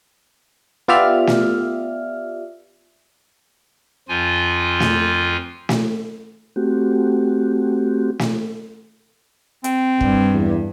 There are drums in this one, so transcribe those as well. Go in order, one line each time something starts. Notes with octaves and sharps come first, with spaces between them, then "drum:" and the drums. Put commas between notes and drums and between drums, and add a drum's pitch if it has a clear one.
B3 F4 G4 D5 E5 F6
drum: snare
F2 F3 F4 G#5
drum: snare
drum: snare
A3 C4 F#4 G4
drum: snare
C4, drum: hi-hat
G2, drum: kick
E2